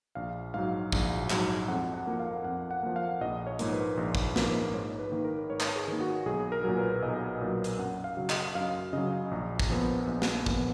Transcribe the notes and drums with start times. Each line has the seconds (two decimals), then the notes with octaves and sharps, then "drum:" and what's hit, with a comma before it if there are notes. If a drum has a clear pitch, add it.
0.15 A#1 F5
0.54 G#2 F#3 F5
0.92 A#1, drum: kick
1.30 G#2 F#3, drum: clap
1.68 F2 F#5
1.94 F#5
2.07 F3 A#3
2.19 F5
2.44 F2 F#5
2.71 F#5
2.83 F3 A#3
2.96 F5
3.21 A#1 D#5
3.47 C#5
3.59 G#2 F3 A#3, drum: hi-hat
3.72 B4
3.97 A#1
4.15 drum: kick
4.36 G#2 F3 A#3, drum: snare
4.74 G#2 C#5
4.99 B4
5.12 D#3 A#3
5.24 A#4
5.50 G#2 C#5
5.60 drum: clap
5.76 G#4
5.88 D#3 A#3
6.00 F#4
6.26 B1 G#4
6.52 A#4
6.64 A#2 F#3
6.77 B4
7.03 B1 D#5
7.41 A#2 F#3
7.64 drum: hi-hat
7.79 F#2 F#5
8.04 F5
8.17 C#3 F#3
8.30 D#5, drum: clap
8.55 F#2 F5
8.93 C#3 F#3 D#5
9.31 A#1
9.59 drum: kick
9.70 A#2 F3 B3
10.07 A#1
10.22 drum: snare
10.46 A#2 F3 B3, drum: kick